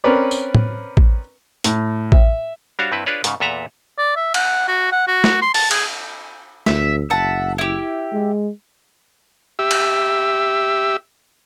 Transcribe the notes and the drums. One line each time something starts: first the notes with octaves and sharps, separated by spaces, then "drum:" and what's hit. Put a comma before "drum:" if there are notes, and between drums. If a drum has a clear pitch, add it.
C4 C#4 A#4 B4 D5
drum: tambourine
drum: tom
drum: kick A1
A2, drum: hi-hat
E5, drum: kick A1
G3 D4 F#4 C5 C#5 F5
G2 C4 E4 B4
D4 F4 G#4 B4 C#5 D5
G#2 C#3, drum: hi-hat
E2 A#2 A4 B4 E5 A#5
D5
E5
F#5, drum: cymbal
F#4
F#5
F#4
drum: snare
C6
A5, drum: open hi-hat
G#4, drum: cymbal
D2 E5, drum: snare
F#1 E5 F#5 A5
E4 G4
G#3
G4 E5 E6
drum: cymbal